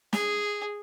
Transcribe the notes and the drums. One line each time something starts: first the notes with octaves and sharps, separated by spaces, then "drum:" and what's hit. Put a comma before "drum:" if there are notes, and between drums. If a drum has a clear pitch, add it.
G#4, drum: snare